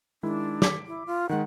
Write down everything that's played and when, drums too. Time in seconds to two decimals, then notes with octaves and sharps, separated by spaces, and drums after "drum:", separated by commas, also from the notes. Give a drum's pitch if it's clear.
0.23 D#3 G#3 D4 E4
0.62 D6 B6, drum: snare
0.87 E4
1.06 F4
1.29 D#3 G#3 F#5